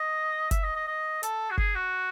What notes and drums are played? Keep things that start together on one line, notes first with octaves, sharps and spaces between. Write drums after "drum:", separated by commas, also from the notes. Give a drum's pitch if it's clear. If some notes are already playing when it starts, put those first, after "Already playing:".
Already playing: D#5
E5, drum: kick F#1, hi-hat
D#5
D#5
D#5
A4, drum: hi-hat
F#4
G#4, drum: kick F#1
F#4